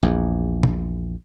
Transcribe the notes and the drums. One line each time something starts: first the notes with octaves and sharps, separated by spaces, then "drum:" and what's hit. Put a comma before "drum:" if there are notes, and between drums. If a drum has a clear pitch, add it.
A#1 E2
drum: tom